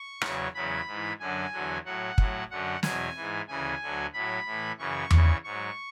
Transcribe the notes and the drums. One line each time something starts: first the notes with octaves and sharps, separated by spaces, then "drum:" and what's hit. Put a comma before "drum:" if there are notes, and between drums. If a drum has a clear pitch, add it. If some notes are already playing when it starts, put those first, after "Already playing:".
Already playing: C#6
E2 C#3 F#3, drum: rim click
E2 C#3 F#3 B5
G#2 E3
F#2 D3 F#3 G#5
E2 D3 F#3
A2 F#3 F#5
A2 F#3, drum: kick
F#2 D3 F#3 F#5
E2 B2 F#3 G#5, drum: snare
G#2 E3
D2 C#3 E3 G#5
D2 D3 F#3
A2 F#3 B5
A2 E3
F#2 C#3 E3 C#6
E2 C#3 E3, drum: tom E2
G#2 F#3 C#6